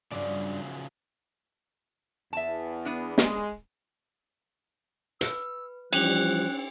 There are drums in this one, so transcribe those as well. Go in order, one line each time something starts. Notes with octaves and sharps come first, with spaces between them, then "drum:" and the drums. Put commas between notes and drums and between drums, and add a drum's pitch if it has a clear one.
G2 C#3 F3 F#3 D5
E2 E5 A5
B3 D4
G#3, drum: snare
B4 E6, drum: hi-hat
E3 F3 G3 C#4 F#6, drum: cymbal